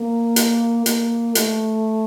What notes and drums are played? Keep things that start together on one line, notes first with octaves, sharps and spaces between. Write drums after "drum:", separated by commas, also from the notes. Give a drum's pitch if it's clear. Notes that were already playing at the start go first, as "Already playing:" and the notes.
Already playing: A#3
drum: hi-hat
A#3, drum: hi-hat
A3, drum: hi-hat